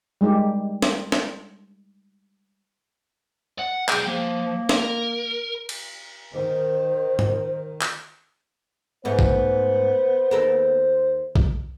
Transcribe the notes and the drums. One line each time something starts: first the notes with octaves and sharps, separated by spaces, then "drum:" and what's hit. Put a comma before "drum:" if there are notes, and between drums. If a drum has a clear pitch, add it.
G3 G#3 D#4 G4
drum: snare
drum: snare
F#5
B1 G#4 G5, drum: clap
F3 A#3
A#4, drum: snare
drum: cymbal
D#3 C5
drum: tom
drum: clap
G#2 A3 B3 C5
drum: kick A#1
D#2 A4 A#4
drum: kick A#1